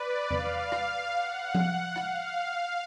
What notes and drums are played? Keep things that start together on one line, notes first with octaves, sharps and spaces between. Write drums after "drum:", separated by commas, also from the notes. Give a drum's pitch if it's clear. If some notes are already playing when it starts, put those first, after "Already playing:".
Already playing: B4 D5
F5, drum: tom E2
drum: rim click
F#5
drum: tom F3
F5, drum: rim click